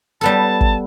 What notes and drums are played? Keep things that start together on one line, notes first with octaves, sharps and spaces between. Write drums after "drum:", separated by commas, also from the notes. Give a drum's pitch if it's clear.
G3 B3 A4 A5
drum: kick